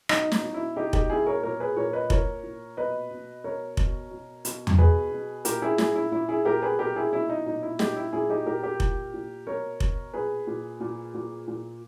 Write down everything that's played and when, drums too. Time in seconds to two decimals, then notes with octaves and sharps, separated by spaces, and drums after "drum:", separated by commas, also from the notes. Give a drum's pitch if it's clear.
0.09 B2 D#4, drum: rim click
0.32 D#4, drum: snare
0.43 B2
0.54 E4
0.76 B2 D#4 G4
0.93 D#4 G4, drum: kick F1
1.10 B2 E4 G#4
1.27 A#4 C#5
1.43 A#2 A#4 C#5
1.60 G#4 B4
1.77 A#2 A#4 C#5
1.93 B4 D#5
2.10 A#2 A#4 C#5, drum: kick F1
2.44 A#2
2.77 B2 B4 D#5
3.11 B2
3.44 B2 A#4 C#5
3.77 B2, drum: kick F1
4.11 B2
4.45 B2, drum: hi-hat
4.67 drum: tom E2
4.78 B2 G#4 B4
5.12 B2
5.45 A#2 G4 A#4, drum: hi-hat
5.62 E4 G#4
5.78 A#2 E4 G#4, drum: snare
5.95 E4
6.12 A#2 E4
6.29 E4 G#4
6.45 A#2 G4 A#4
6.62 G#4 B4
6.79 B2 G4 A#4
6.96 E4 G#4
7.13 B2 E4
7.30 D#4
7.46 A#2 D#4
7.62 E4
7.79 A#2 D#4 G4, drum: snare
7.96 E4
8.13 A#2 E4 G#4
8.30 D#4 G4
8.46 A#2 G4 A#4
8.63 G4 A#4
8.80 A#2, drum: kick F1
9.14 A#2
9.47 B2 A#4 C#5
9.80 B2, drum: kick F1
10.13 A#2 G#4 B4
10.47 A#2
10.80 A#2
11.14 A#2
11.48 A#2